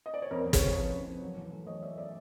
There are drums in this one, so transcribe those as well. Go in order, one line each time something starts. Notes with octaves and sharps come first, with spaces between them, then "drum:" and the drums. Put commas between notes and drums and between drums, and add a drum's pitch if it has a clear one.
D#5
D5
C#5
F2 A#4 C5
F2
B4 C#5, drum: kick, hi-hat
F3
F2 B4 C#5
C#3
F2
F#3
E2
A3
F#3 C#5 D#5
A3 D5 E5
D5 E5